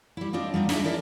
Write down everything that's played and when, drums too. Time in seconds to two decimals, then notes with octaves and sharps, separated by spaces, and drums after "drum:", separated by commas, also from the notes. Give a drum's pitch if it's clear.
0.17 G3 E4
0.33 C4 D4 F4 D#5
0.54 G3 B3 D#4 F4
0.69 D4 D#4 G#4 E5, drum: snare
0.84 E4 A#4 D5 E5